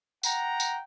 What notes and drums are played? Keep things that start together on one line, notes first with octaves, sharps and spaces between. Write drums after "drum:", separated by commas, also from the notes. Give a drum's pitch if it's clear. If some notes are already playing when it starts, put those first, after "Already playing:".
F#5 G5 A#5, drum: tambourine
drum: tambourine